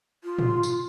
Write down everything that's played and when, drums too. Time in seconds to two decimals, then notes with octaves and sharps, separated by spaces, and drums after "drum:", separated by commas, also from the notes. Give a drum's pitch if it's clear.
0.24 F4
0.38 drum: tom
0.63 drum: tambourine